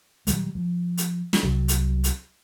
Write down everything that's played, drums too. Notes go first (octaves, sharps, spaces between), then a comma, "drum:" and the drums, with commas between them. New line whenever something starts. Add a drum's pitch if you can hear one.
A#2 D#3 F#3 G3, drum: hi-hat
F3
drum: hi-hat
drum: snare
C2 C3 F#3
drum: hi-hat
drum: hi-hat